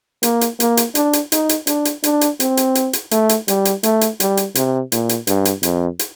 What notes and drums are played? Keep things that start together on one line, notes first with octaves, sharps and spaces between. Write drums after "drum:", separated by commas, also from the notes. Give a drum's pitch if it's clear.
A#3, drum: hi-hat
drum: hi-hat
A#3, drum: hi-hat
drum: hi-hat
D4, drum: hi-hat
drum: hi-hat
D#4, drum: hi-hat
drum: hi-hat
D4, drum: hi-hat
drum: hi-hat
D4, drum: hi-hat
drum: hi-hat
C4, drum: hi-hat
drum: hi-hat
drum: hi-hat
drum: hi-hat
A3, drum: hi-hat
drum: hi-hat
G3, drum: hi-hat
drum: hi-hat
A3, drum: hi-hat
drum: hi-hat
G3, drum: hi-hat
drum: hi-hat
C3, drum: hi-hat
A#2, drum: hi-hat
drum: hi-hat
G2, drum: hi-hat
drum: hi-hat
F2, drum: hi-hat
drum: hi-hat